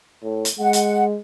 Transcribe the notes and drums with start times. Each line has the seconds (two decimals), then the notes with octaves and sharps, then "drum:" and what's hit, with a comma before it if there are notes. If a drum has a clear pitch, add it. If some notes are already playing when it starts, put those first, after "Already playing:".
0.23 A2
0.45 drum: hi-hat
0.59 G#3 F#5
0.73 drum: hi-hat